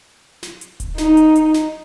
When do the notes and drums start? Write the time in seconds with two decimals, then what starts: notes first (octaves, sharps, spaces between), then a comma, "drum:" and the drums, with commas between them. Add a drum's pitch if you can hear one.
0.43 drum: snare
0.61 drum: hi-hat
0.80 drum: kick D1, hi-hat
0.98 D#4, drum: snare
1.17 drum: hi-hat
1.36 drum: hi-hat
1.54 drum: snare